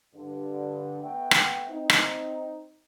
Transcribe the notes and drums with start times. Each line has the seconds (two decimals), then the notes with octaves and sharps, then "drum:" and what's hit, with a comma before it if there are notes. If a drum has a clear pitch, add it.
0.15 G2 D3
1.03 A3 B3 F#4 E5 G5
1.31 drum: rim click
1.69 C4 D#4
1.90 drum: rim click